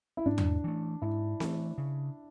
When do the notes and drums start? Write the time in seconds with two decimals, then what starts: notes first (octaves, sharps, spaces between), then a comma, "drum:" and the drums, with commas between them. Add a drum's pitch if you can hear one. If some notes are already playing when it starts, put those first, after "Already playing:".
0.17 E4
0.26 G#2 D4
0.38 drum: tom E2
0.64 E3 A3
1.02 G#2 E4
1.40 E3 A3, drum: snare C4
1.78 C#3